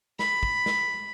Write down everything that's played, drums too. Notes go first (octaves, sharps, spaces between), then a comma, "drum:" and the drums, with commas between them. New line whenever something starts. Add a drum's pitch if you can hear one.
B5, drum: snare
drum: kick
drum: snare